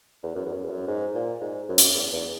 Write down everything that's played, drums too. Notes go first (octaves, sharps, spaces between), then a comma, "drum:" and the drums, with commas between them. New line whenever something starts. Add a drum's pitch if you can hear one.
E2
F#2
E2
F#2
E2
F#2
G#2
A#2
G#2
F#2
drum: hi-hat
E2
E2